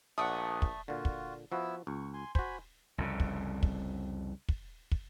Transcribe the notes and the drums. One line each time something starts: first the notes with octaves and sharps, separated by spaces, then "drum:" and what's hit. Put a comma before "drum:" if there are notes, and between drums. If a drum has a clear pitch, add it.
A#1 A3 D5 F#5 D#6
drum: kick
A#2 D3 F4 F#4
drum: kick
F3 B3 E4 F#4 E6
C#2 C#6
G#5 C6
F#4 C5 G#5 B5, drum: kick
C2 F2 C#3
drum: kick
drum: kick
drum: kick
drum: kick